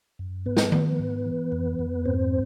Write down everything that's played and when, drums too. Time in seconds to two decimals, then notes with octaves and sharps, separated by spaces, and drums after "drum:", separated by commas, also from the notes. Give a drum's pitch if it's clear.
0.19 F#2
0.46 G#2 B3 B4
0.57 drum: snare
0.72 F3, drum: tom D#3
0.99 G#2
1.26 E3
1.52 F2
1.79 F2
2.05 G#2 C4 C5